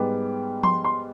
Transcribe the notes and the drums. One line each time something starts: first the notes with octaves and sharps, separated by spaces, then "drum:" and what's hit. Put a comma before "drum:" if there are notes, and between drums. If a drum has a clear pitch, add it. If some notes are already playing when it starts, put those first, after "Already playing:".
Already playing: G#2 G3 B3 D6
C6, drum: tom F3
C6